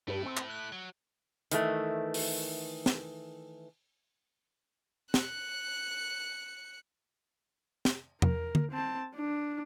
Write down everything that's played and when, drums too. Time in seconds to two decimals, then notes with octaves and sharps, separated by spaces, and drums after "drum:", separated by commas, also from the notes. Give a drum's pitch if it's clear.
0.08 G2 A3 E4
0.26 C4
0.37 drum: clap
0.50 F#6
0.72 F#3
1.52 D#3 E3 A3, drum: hi-hat
2.14 drum: open hi-hat
2.86 drum: snare
5.14 F#6 C#7, drum: snare
7.85 drum: snare
8.22 A#4, drum: tom E2
8.55 drum: tom D3
8.71 C4 A5
9.15 D4